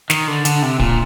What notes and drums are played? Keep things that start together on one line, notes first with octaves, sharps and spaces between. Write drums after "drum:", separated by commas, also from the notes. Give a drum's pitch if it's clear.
D#3, drum: snare
D3
D3, drum: hi-hat
C3
A#2, drum: kick D1